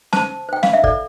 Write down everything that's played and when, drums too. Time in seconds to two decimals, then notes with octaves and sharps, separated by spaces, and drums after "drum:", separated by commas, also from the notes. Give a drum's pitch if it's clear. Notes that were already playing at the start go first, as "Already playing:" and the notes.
0.13 C5 A5, drum: snare
0.49 C5 G5
0.63 F5, drum: snare
0.73 E5
0.84 A4 D5, drum: kick